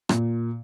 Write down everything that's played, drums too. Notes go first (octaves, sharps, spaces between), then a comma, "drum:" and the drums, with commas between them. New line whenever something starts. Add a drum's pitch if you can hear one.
A#2, drum: rim click